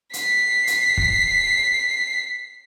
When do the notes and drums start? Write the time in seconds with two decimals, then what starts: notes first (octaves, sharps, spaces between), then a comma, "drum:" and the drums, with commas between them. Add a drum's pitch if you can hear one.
0.13 B6 C7, drum: hi-hat
0.67 drum: hi-hat
0.97 drum: kick